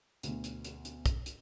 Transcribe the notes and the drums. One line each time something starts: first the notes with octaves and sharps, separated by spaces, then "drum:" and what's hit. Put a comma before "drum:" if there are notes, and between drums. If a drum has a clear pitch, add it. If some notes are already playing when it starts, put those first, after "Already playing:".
D2 B2, drum: hi-hat
drum: hi-hat
drum: hi-hat
drum: hi-hat
drum: kick, hi-hat
drum: hi-hat